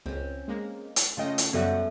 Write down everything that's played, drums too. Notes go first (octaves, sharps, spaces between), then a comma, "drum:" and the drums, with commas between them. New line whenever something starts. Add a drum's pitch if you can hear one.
C#2 C4 C#4
G#3 A#3
drum: hi-hat
C#3 A3 F4 D#5 G5
drum: hi-hat
F#2 C#3 G3 B3 F#4 A4 E5